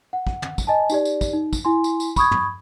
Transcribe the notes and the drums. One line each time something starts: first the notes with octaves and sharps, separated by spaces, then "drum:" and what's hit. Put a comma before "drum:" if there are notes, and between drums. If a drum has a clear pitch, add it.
F#5
drum: kick
drum: tom
drum: kick, tambourine
D#5 G#5 A5
D#4 G4 D5, drum: tambourine
drum: tambourine
drum: kick, tambourine
D#4
drum: kick, tambourine
E4 G#5 C6
drum: tambourine
drum: tambourine
B5 C#6 D#6 G#6, drum: kick, tambourine
drum: tom